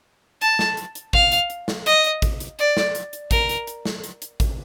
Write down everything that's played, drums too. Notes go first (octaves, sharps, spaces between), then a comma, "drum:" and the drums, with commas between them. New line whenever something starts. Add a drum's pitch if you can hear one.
A5, drum: hi-hat
drum: snare
drum: hi-hat
drum: hi-hat
F5, drum: kick A1
drum: hi-hat
drum: hi-hat
drum: snare
D#5, drum: hi-hat
drum: hi-hat
drum: kick A1, hi-hat
drum: hi-hat
D5, drum: hi-hat
drum: snare
drum: hi-hat
drum: hi-hat
A#4, drum: kick A1, hi-hat
drum: hi-hat
drum: hi-hat
drum: snare
drum: hi-hat
drum: hi-hat
drum: kick A1, hi-hat